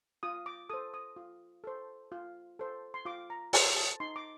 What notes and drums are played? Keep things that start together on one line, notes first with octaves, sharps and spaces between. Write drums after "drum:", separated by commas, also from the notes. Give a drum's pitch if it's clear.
F4 D#6
D6
A4 C5 D#6
D#6
F4
A4 C5
F4
A4 C5
C6
F4 D6
A#5
A4 C5 A5, drum: open hi-hat
A5
D#4 C6
D6